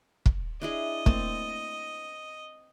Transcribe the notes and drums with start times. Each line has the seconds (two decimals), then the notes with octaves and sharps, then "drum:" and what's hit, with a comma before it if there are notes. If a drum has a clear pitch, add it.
0.26 drum: kick
0.62 D4 E4 G#4 D#5
1.06 A3 A#3 C4 A5, drum: kick